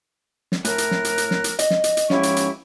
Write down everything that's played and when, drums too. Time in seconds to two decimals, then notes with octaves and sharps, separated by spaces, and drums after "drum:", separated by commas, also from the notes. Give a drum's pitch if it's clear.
0.52 drum: snare
0.65 A2 A#4 F#6, drum: hi-hat
0.78 drum: hi-hat
0.91 drum: snare
1.05 drum: hi-hat
1.18 drum: hi-hat
1.31 drum: snare
1.44 drum: hi-hat
1.59 D#5, drum: hi-hat
1.70 drum: snare
1.84 drum: hi-hat
1.97 drum: hi-hat
2.10 G#2 F3 C#4 E4 G4 C#6, drum: snare
2.23 drum: hi-hat
2.36 drum: hi-hat